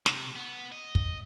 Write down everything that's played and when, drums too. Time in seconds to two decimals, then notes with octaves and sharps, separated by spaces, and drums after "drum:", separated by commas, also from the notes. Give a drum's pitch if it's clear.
0.06 C3, drum: snare
0.36 B3
0.72 D#5
0.95 drum: kick